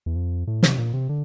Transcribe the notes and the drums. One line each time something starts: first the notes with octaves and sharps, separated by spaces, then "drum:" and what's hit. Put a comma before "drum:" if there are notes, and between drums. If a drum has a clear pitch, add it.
E2
F2
A2
C3, drum: snare
A#2
C3
D3